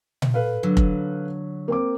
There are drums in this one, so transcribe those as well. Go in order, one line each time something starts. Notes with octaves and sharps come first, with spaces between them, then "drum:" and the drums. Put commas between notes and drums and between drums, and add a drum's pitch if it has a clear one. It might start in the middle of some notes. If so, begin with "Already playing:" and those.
drum: tom A#2
A4 B4 F5
D3 F#3
drum: kick F1
A#3 C4 D6